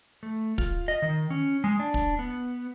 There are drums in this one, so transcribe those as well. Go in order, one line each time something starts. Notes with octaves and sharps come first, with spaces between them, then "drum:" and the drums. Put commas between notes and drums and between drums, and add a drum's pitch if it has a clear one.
A3
F4, drum: kick
D#5
D#3
C#4
G#3
D4
drum: kick
B3